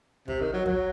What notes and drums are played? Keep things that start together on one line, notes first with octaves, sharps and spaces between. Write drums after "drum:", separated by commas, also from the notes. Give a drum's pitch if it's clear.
C3, drum: kick
D#3
F#3
F#3, drum: kick